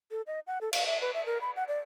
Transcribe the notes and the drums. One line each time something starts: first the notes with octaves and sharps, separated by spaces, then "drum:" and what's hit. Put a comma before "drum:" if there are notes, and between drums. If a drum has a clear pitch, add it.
A4
D#5
F#5
A4
F5, drum: cymbal
E5
B4
E5
A#4
B5
F#5
D5